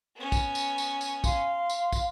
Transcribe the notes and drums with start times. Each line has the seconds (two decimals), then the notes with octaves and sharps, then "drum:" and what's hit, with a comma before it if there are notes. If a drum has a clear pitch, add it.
0.16 B3 C#4
0.32 drum: kick, tambourine
0.55 drum: tambourine
0.78 drum: tambourine
1.01 drum: tambourine
1.24 F5 C6, drum: kick, tambourine
1.70 drum: tambourine
1.92 drum: kick, tambourine